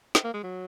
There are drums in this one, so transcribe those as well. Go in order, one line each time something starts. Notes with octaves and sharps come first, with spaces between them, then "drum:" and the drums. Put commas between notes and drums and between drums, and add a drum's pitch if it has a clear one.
drum: snare
A#3
G#3
F#3